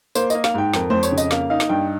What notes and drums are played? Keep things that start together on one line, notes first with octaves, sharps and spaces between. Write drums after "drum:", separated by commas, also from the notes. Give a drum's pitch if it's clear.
A#3 C5, drum: tambourine
A#3 D#5, drum: tambourine
F5, drum: snare
G#2 G5
F2 A#4, drum: snare
F2 C5, drum: tom G#3
C#5, drum: tambourine
C#3
D#5, drum: tambourine
A#3 F5, drum: snare
D#4 F5
drum: snare
G2 G5